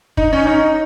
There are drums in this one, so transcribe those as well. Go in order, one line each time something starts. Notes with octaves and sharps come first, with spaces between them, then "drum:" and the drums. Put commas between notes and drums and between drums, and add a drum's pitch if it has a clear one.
D#4, drum: kick
C#4
D#4